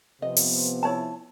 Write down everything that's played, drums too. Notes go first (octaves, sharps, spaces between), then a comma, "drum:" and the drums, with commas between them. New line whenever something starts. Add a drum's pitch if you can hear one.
C3 F3 B3 D#5
drum: open hi-hat
E4 C#5 A5